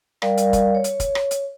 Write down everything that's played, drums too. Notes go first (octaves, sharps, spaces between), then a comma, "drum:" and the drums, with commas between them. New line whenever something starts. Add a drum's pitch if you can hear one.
G3 A#4 D5 F5, drum: rim click
drum: hi-hat
drum: kick, hi-hat
C#5
drum: hi-hat
drum: kick, hi-hat
drum: rim click
drum: hi-hat